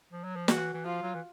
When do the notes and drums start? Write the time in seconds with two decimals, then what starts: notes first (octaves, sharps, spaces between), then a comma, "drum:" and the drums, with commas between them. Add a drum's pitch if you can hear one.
0.12 F3
0.24 F#3
0.36 F3
0.48 E3 F#4, drum: snare
0.74 E3
0.85 F3 F4
1.03 F#3
1.14 E3